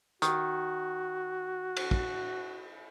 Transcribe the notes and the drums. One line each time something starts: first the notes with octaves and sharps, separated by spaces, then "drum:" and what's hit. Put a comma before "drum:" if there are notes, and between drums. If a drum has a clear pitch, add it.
D#3 F#4, drum: hi-hat
drum: cymbal
drum: kick